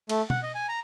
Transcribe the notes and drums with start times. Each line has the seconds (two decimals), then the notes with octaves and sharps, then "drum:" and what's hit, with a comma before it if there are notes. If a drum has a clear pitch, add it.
0.09 A3, drum: cymbal
0.30 F#5, drum: tom
0.43 D#5
0.55 G#5
0.69 A#5